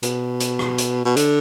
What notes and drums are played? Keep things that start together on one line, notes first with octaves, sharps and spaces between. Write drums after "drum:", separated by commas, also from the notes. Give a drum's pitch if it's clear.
B2, drum: hi-hat
drum: hi-hat
drum: rim click
drum: hi-hat
B2
D3, drum: hi-hat